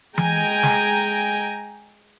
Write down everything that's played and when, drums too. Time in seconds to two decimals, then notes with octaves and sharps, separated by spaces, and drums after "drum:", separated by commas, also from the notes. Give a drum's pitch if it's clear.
0.18 G#3 G5 G#5 A#5, drum: tom E3
0.63 drum: snare